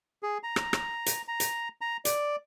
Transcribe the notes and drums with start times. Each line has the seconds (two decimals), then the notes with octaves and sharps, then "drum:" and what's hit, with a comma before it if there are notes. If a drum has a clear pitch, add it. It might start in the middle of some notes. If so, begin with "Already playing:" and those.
0.23 G#4
0.43 A#5
0.56 drum: rim click
0.73 drum: rim click
1.06 drum: hi-hat
1.28 A#5
1.40 drum: hi-hat
1.81 A#5
2.05 D5, drum: hi-hat